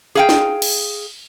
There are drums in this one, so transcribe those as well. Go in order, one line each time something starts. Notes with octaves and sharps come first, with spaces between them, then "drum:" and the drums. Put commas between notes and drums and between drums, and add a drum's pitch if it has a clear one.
G#4 F5 G5
drum: snare
drum: cymbal